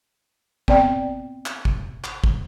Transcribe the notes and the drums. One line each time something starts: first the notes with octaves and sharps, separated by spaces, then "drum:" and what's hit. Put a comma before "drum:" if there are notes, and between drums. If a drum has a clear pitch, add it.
B3 C4 D5 G5, drum: kick
drum: clap
drum: kick
drum: clap
drum: kick